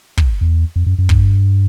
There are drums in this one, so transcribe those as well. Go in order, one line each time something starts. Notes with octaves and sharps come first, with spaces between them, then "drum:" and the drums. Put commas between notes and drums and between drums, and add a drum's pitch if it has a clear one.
drum: kick
E2
F2
F#2
F#2
G2, drum: kick